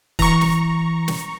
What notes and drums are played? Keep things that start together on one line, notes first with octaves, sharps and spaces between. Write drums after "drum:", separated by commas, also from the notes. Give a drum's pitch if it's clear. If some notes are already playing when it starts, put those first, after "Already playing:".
E3 A#5 C#6, drum: kick
drum: snare
drum: snare